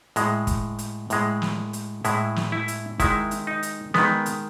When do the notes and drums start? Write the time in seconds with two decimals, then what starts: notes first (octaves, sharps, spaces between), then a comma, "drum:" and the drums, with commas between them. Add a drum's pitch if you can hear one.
0.16 A2 G#3, drum: hi-hat
0.47 drum: kick, hi-hat
0.79 drum: hi-hat
1.10 A2 G#3, drum: hi-hat
1.42 drum: snare
1.73 drum: hi-hat
2.04 A2 G#3 E4, drum: hi-hat
2.36 drum: snare
2.52 E4
2.68 drum: hi-hat
3.00 D#3 G#3 E4, drum: kick, hi-hat
3.31 drum: hi-hat
3.47 D#4
3.63 drum: hi-hat
3.94 D#3 G#3 B3, drum: snare
4.26 drum: hi-hat